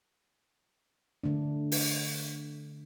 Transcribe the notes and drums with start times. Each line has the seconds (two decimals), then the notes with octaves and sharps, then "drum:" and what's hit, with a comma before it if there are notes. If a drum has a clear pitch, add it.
1.24 D3 A3 D4
1.72 drum: open hi-hat